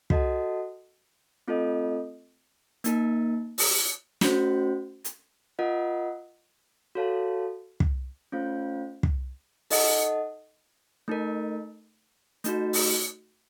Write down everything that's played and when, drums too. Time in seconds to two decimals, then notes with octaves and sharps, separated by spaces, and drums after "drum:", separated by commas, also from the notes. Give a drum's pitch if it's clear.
0.10 F#4 A4 D#5 F#5 A5, drum: kick
1.48 A3 C4 F4 A4 D#5
2.84 A#3 D#4 A#4, drum: hi-hat
3.58 drum: open hi-hat
4.21 A3 C#4 F#4 C5, drum: snare
5.04 drum: hi-hat
5.59 F4 A#4 D#5 F#5
6.95 F#4 A4 C#5 F5 A5
7.80 drum: kick
8.33 A3 C#4 F4 C5 F5
9.03 drum: kick
9.70 D#4 A4 D#5 F#5 A5, drum: open hi-hat
11.08 A3 D#4 A#4
12.44 A3 D#4 F#4, drum: hi-hat
12.73 drum: open hi-hat